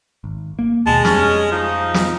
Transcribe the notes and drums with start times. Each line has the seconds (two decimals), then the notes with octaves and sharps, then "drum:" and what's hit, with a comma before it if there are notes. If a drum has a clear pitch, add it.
0.24 G#1
0.59 A#3
0.86 D#2 B2 G#3 A5
1.05 F2 G3 C#4, drum: snare
1.52 F3 D#4
1.94 drum: snare